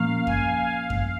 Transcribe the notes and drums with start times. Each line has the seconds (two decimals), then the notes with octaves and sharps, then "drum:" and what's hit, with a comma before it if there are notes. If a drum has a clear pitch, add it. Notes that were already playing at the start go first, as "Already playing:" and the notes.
Already playing: A#2 F3 A#3 C#4 F5
0.27 G#5, drum: kick F#2
0.69 F5
0.90 drum: kick F#2